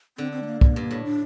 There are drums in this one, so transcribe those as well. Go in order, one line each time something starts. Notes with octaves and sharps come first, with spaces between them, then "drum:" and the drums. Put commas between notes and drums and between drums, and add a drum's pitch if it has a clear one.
D3 C4
C4
A3
A#3
A#3, drum: kick
G2
A2
D4